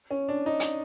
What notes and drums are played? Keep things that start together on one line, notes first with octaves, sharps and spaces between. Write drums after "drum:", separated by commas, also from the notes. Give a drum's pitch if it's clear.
C#4
D4
D#4
drum: hi-hat